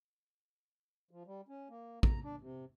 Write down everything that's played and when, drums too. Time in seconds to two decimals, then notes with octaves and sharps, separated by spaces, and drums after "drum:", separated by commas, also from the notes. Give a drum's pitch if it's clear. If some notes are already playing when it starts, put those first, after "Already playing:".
1.11 F3
1.26 G3
1.48 C#4
1.69 A#3
2.03 A#5, drum: kick
2.24 D4
2.41 C3